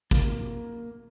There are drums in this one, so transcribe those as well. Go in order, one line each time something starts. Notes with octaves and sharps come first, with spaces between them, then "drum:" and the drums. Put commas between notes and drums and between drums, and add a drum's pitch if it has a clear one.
A#3, drum: kick